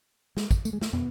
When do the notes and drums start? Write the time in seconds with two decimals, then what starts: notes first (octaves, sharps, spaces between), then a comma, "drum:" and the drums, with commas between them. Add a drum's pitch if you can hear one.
0.37 G#3, drum: snare
0.51 drum: kick, tambourine
0.65 A3, drum: tambourine
0.73 G#3
0.81 A3, drum: snare
0.93 B2 B3, drum: tom